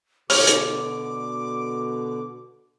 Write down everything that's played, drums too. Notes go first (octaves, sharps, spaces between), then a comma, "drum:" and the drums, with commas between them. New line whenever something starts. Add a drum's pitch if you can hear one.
B2 D3 C#5 D6 F6, drum: open hi-hat
drum: hi-hat